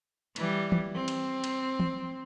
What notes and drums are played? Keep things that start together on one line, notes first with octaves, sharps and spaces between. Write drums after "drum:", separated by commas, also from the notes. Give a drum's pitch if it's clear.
E3 G3, drum: cymbal
drum: tom E3
C4
drum: cymbal
drum: cymbal
drum: tom E3